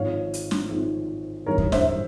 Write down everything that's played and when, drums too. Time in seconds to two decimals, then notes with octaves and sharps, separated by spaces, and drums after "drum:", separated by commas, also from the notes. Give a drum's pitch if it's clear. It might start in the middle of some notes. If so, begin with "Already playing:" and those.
Already playing: G#1 G#2 F3 C#5 F5
0.34 drum: hi-hat
0.51 drum: snare
0.69 G#1 G#2 F3
1.46 G#1 G2 E3 A#4 C#5
1.58 drum: kick D#2
1.72 C5 E5, drum: snare